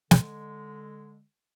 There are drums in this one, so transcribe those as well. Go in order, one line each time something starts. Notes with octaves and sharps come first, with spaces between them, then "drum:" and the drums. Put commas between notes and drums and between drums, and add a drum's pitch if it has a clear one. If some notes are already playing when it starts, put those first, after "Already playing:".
D3 G#3, drum: snare